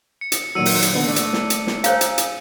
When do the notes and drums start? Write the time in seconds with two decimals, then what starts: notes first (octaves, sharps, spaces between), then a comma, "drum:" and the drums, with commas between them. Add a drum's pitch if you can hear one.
0.21 C#7
0.32 drum: hi-hat
0.55 A#2 D#3 F#3 E6 C#7 D#7
0.66 drum: open hi-hat
0.82 drum: hi-hat
0.93 D3 B3
1.07 A3 D4
1.16 drum: hi-hat
1.33 drum: snare
1.50 drum: hi-hat
1.67 drum: snare
1.84 G#4 C5 C#5 F5 A#5, drum: hi-hat
2.01 drum: hi-hat
2.18 drum: hi-hat